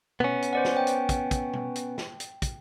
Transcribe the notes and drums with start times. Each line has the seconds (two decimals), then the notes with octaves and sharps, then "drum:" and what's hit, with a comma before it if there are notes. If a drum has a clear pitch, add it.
0.20 B3 C#4, drum: tom B2
0.42 drum: hi-hat
0.53 C5 D5 F#5
0.65 drum: snare
0.77 G5
0.87 drum: hi-hat
1.09 drum: kick, hi-hat
1.31 drum: kick, hi-hat
1.53 drum: tom B2
1.76 drum: hi-hat
1.98 drum: snare
2.20 drum: hi-hat
2.42 drum: kick, hi-hat